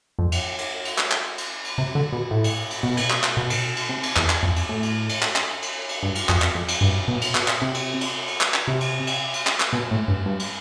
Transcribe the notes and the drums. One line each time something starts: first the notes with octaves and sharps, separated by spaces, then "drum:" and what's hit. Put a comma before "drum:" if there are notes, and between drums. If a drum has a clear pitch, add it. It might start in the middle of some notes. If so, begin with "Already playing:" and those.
F2
drum: cymbal
drum: cymbal
drum: cymbal
drum: clap
drum: clap
drum: cymbal
drum: cymbal
C3
D3
B2
A2
drum: cymbal
drum: cymbal
B2
drum: cymbal
drum: clap
drum: clap
B2
drum: cymbal
drum: cymbal
C3
drum: cymbal
E2, drum: clap
drum: clap
F2
drum: cymbal
A2
drum: cymbal
drum: cymbal
drum: clap
drum: clap
drum: cymbal
drum: cymbal
G2
drum: cymbal
F2, drum: clap
drum: clap
F2
drum: cymbal
G2
B2
drum: cymbal
B2, drum: clap
drum: clap
C3
drum: cymbal
drum: cymbal
drum: cymbal
drum: clap
drum: clap
C3
drum: cymbal
drum: cymbal
drum: cymbal
drum: clap
drum: clap
B2
A2
G2
G2
drum: cymbal